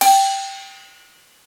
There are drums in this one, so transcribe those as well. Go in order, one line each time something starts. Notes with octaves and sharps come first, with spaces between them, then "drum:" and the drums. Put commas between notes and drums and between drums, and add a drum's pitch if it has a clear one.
G5, drum: cymbal